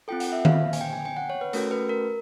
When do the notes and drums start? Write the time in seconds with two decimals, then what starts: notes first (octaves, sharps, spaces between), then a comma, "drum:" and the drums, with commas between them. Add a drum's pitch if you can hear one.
0.08 C4 F4 A4 G5
0.20 F#5, drum: hi-hat
0.32 E5
0.45 F5, drum: tom D#3
0.73 G#5, drum: hi-hat
0.81 G5
0.93 G#5
1.05 G5
1.17 F#5
1.30 C#5
1.41 B4
1.53 A3 C#4 F#4 A4 A#4, drum: hi-hat
1.71 B4
1.89 A#4